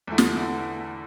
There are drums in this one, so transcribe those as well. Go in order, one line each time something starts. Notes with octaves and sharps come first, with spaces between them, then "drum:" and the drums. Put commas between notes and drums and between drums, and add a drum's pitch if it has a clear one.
E2 D3 A3 E4
drum: snare
D3 A3 E4